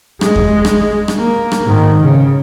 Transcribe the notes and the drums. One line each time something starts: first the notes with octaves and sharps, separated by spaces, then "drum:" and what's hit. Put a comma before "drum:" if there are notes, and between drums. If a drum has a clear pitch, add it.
G#3, drum: rim click
drum: kick E2
drum: rim click
drum: rim click
A#3
drum: rim click
G#2 D#3
C#3